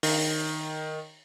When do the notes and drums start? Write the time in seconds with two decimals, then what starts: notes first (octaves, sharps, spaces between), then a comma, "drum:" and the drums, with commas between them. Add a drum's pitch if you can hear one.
0.03 D#3, drum: open hi-hat